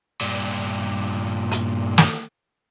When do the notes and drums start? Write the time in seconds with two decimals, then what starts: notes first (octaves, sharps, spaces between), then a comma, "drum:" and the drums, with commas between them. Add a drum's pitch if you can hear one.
0.21 G2 A#2
1.51 drum: hi-hat
1.98 drum: snare